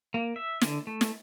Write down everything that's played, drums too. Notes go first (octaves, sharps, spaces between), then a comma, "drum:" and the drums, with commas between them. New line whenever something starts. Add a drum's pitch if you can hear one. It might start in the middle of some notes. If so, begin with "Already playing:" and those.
A#3
E5
D3, drum: snare
A3
drum: snare